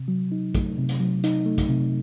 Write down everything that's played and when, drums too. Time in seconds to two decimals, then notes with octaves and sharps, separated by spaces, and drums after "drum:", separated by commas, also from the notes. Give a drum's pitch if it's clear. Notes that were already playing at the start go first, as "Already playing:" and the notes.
Already playing: C3
0.08 F#3
0.32 D#4
0.55 A3, drum: kick, hi-hat
0.78 C3
0.89 drum: hi-hat
1.00 F#3
1.24 D#4, drum: hi-hat
1.46 A3
1.58 drum: kick, hi-hat
1.69 C3